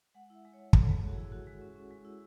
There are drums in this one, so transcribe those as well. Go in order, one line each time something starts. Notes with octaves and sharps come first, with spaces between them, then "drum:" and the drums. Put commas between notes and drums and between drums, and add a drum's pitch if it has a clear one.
G#3 F#5
E4 E5
G#3
C#5
G#3
G#3 A4, drum: kick
G#3
G#4
G#3 F#4
E4 G#4
E4 F#4
G#3
C#4
C#4
G#3
E4